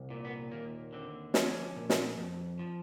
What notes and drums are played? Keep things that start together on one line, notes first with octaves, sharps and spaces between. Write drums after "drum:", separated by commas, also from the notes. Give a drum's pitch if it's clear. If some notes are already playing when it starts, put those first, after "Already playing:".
Already playing: C2
A#2
B3
D#2 A#3
D3 C4
F3 C#4, drum: snare
A#2
drum: snare
F2
F3